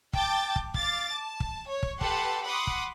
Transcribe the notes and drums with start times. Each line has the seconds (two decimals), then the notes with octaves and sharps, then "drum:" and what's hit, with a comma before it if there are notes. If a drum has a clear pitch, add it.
0.13 G5 A5 D6 G6 A6, drum: kick
0.56 drum: kick
0.74 F5 D6 A6, drum: kick
1.12 A5
1.40 drum: kick
1.69 C#5
1.83 drum: kick
2.01 G4 A4 B4 F#5 A5 C6, drum: kick
2.43 F#5 B5 C6 D6 D#6
2.67 drum: kick